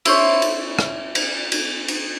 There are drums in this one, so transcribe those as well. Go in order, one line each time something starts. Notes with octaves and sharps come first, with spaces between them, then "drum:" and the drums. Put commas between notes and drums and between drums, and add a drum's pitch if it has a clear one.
E4 C5 C#5, drum: cymbal
drum: cymbal
drum: rim click
drum: cymbal
drum: cymbal
drum: cymbal